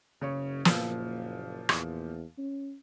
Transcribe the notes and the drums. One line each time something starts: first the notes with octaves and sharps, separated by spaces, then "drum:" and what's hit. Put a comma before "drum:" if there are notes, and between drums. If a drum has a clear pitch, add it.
F#1 C#3 C#5 C#6
A#2 F3, drum: snare
E2, drum: rim click
C#4